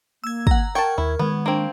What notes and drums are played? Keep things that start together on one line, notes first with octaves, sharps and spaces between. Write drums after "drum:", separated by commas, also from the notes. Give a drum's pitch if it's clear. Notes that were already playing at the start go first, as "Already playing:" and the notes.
A#3 E6 G#6
F#5 A#5, drum: kick
A#4 G5 A5 C#6 G#6
D#2 E4
D#3 G#3 B3
A#3 C4 D4